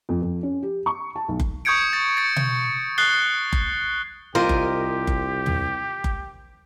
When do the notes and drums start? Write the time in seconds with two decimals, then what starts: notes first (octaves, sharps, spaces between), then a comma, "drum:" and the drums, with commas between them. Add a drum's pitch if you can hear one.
0.09 F2
0.22 F2
0.43 C#4
0.63 G4
0.86 C#6
1.16 A5
1.28 B1
1.40 drum: kick F#1
1.65 C#6 D#6 G6 G#6 C#7 D7
1.93 A6
2.17 A6 C#7
2.36 drum: tom B2
2.98 D#6 F#6 A6 C7 G7
3.53 drum: kick F#1
4.35 C2 F4 G4 A#4 C5 D#5
4.49 drum: kick F#1
5.07 drum: kick F#1
5.46 drum: tom
6.04 drum: kick F#1